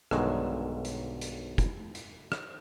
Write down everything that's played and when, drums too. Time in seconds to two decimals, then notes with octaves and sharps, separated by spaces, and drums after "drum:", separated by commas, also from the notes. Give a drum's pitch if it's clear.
0.11 B1 G2 D3 D#3 F#3 G#3, drum: rim click
0.85 drum: hi-hat
1.22 drum: hi-hat
1.58 drum: kick, hi-hat
1.95 drum: hi-hat
2.32 drum: rim click